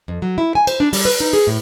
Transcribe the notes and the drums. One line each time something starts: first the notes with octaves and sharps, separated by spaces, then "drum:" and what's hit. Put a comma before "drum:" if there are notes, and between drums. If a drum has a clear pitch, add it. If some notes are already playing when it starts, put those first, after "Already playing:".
F2
F#3
E4
G#5
C5, drum: cymbal
D4
G3, drum: open hi-hat
B4
D#4
G#4
A2